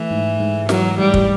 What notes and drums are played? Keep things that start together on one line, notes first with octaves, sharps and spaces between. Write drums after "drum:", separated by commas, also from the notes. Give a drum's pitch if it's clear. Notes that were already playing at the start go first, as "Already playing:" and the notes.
Already playing: E3 A3
G#2
G#2
E3 F#3, drum: snare
G#2 G3
drum: kick